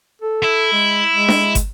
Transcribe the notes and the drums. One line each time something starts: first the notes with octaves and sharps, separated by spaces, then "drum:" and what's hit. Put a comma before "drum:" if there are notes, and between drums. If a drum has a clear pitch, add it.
A4
E4
G#3
G#3
drum: snare D4
drum: kick, hi-hat